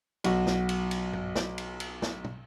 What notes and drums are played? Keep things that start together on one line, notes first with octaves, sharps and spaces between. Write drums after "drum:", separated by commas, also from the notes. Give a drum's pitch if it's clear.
B1 F#4, drum: cymbal
drum: snare
drum: cymbal
drum: cymbal
drum: tom
drum: snare
drum: cymbal
drum: cymbal
drum: snare
drum: tom